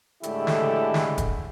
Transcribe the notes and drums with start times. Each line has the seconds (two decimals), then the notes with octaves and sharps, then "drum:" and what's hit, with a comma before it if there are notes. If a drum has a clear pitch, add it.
0.23 A2 D3 G#3 A3 E4 G4, drum: hi-hat
0.47 drum: snare
0.94 drum: snare
1.18 drum: kick, hi-hat